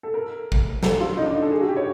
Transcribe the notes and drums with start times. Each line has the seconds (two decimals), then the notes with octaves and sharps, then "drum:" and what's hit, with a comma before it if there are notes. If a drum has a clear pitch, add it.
0.03 A4
0.14 A#4
0.52 drum: kick
0.83 A4, drum: snare
1.00 F4
1.17 D#4
1.26 D4
1.34 D#4
1.42 A4
1.51 G#4
1.61 F#4
1.68 G4
1.76 C#5